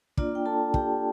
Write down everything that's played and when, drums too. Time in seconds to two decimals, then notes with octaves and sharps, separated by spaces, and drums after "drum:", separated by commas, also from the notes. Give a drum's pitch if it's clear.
0.17 A#3 D4 F4 D5, drum: kick
0.35 G5
0.46 A4 A5
0.74 G4 G5, drum: kick